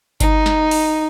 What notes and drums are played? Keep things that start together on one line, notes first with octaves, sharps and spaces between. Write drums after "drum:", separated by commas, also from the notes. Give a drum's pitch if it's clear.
D#4, drum: kick G1, hi-hat
drum: snare
drum: open hi-hat